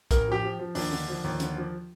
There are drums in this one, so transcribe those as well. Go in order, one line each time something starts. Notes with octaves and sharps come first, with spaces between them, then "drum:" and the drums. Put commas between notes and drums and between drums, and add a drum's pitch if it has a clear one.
A1 A#4, drum: kick, hi-hat
F3 G4
F3
F3
D#2 D4, drum: open hi-hat
D3
F3
D#2
D3, drum: hi-hat
F3